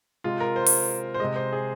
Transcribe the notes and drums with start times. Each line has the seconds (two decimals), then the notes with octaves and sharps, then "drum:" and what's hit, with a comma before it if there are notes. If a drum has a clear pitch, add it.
0.24 C3 G#3 F4
0.40 A#4
0.56 C5
0.66 drum: open hi-hat
1.14 C5
1.20 C3 G#3 D#5
1.36 C5
1.53 G#4